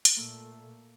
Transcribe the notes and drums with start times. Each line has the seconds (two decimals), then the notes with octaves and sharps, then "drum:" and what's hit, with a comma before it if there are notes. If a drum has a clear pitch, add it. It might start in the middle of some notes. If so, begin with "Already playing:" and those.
0.05 drum: hi-hat
0.16 A#2 A3 A#3 E6